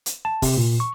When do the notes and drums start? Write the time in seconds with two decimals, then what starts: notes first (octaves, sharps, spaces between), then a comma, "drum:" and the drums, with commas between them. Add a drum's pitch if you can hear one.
0.06 drum: hi-hat
0.25 A5
0.42 C3, drum: kick, open hi-hat
0.57 A#2
0.80 C#6